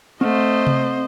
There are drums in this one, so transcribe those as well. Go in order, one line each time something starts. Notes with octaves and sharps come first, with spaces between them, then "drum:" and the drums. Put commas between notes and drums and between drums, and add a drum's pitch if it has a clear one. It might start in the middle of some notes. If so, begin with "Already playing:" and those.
A3 C4 C5 D#5
drum: tom C3